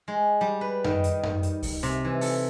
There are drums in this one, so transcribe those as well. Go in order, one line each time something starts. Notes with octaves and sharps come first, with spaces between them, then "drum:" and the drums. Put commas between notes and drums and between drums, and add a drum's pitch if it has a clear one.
G#3
G3
B4
D#3, drum: tom F#2
drum: hi-hat
drum: tom F#2
drum: hi-hat
drum: kick C#2, open hi-hat
C3, drum: hi-hat
E3
A4, drum: open hi-hat